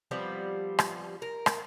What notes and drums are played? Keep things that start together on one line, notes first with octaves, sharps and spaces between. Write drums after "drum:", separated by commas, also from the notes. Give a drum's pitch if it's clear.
F3 G3 B3 C4
drum: rim click
A#4
drum: rim click